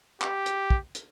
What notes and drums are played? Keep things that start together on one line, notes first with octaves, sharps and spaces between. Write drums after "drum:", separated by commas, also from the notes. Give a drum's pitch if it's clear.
G4, drum: clap
drum: hi-hat
drum: kick
drum: hi-hat